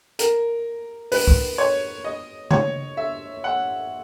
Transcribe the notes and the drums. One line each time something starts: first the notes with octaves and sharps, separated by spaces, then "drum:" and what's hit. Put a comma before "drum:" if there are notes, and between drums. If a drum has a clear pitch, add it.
A#4, drum: hi-hat
B4, drum: open hi-hat
drum: kick
C#5
D#5
C#5, drum: tom C#3
E5
F#5